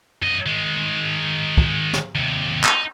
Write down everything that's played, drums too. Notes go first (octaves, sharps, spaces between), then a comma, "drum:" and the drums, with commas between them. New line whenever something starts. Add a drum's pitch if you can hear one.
F#2 D#5
D#3 G#3
drum: kick
drum: snare
D#2 C3
D#4, drum: clap